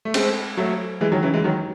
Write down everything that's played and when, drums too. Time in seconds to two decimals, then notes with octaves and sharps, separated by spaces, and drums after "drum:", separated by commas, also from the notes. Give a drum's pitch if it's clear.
0.05 A3
0.14 G#3 C4, drum: cymbal
0.57 F#3 A3
1.01 E3 G#3
1.12 D#3 F#3
1.23 C#3 E3
1.33 E3 G#3
1.44 D#3 F#3